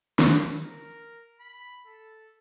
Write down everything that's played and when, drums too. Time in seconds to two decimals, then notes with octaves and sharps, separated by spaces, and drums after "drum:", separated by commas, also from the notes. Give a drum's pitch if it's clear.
0.19 F#4, drum: snare
0.56 A#4
1.40 B5
1.86 A4